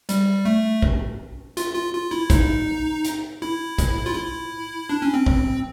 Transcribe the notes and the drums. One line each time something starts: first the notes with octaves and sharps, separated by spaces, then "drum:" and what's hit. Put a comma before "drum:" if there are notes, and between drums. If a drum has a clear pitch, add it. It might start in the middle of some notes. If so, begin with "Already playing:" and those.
G3, drum: hi-hat
A3
drum: kick
F4, drum: hi-hat
F4
F4
E4
D#4, drum: kick, hi-hat
drum: hi-hat
E4
drum: kick, hi-hat
F4
E4
D4
C#4
C4
drum: kick